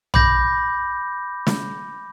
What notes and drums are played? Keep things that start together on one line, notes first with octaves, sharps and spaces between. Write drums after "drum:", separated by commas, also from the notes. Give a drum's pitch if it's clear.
B5 D6 G6 A#6, drum: tom A#1
drum: snare